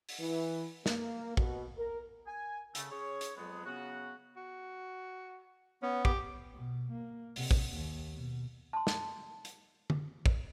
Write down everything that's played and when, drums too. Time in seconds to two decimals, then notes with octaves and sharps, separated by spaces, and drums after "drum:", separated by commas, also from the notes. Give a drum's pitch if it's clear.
0.09 drum: open hi-hat
0.20 E3
0.86 A#3, drum: snare
1.37 B2, drum: kick
1.78 A#4
2.27 G#5
2.75 C#3 A3, drum: hi-hat
2.91 C#4 G#4 C#5
3.21 drum: hi-hat
3.37 F2 F#3 G#3 B3
3.66 C#3 B3 F#4
4.37 F#4
5.83 B3 C#4
6.05 G4, drum: kick
6.55 B2
6.92 A#3
7.36 C3, drum: open hi-hat
7.51 drum: kick
7.73 D#2
8.14 B2
8.73 A5 C6
8.87 drum: snare
9.45 drum: hi-hat
9.90 drum: tom
10.26 drum: kick